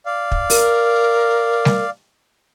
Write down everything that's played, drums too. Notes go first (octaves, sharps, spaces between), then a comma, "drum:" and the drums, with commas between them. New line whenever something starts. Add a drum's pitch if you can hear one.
D5 F5
drum: kick
A#4, drum: open hi-hat
drum: snare G3